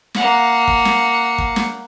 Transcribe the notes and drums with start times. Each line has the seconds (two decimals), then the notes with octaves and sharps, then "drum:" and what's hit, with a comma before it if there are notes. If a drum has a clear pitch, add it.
0.14 A#3 F#5, drum: snare
0.68 drum: kick
0.85 drum: snare
1.38 drum: kick
1.56 drum: snare